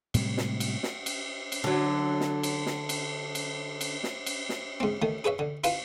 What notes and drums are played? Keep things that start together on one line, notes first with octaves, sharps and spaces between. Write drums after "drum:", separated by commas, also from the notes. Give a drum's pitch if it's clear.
A2 C3 G3 G#3, drum: cymbal
drum: snare
drum: cymbal
drum: snare
drum: cymbal
drum: cymbal
D3 F#3
drum: snare
drum: cymbal
drum: snare
drum: cymbal
drum: cymbal
drum: cymbal
drum: snare
drum: cymbal
drum: snare
G#2 C4
D#3 A3
G#4 B4 C#5 E5
D3
E4 F4 B4 G#5, drum: cymbal